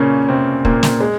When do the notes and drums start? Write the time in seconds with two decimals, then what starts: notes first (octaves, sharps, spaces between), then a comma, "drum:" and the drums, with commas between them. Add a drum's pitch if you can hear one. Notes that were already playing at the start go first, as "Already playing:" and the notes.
Already playing: A#2 C#3 A#3 C#4
0.29 C3 C4
0.65 A#2 A#3, drum: kick
0.83 drum: snare
1.00 G#3